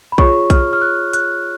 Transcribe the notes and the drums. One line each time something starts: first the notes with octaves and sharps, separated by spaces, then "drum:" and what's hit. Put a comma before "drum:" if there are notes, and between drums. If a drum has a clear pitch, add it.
B5
F4 G#4 C#5 C#6, drum: kick A#1
F6, drum: kick A#1, hi-hat
F6
F#6
F#6, drum: hi-hat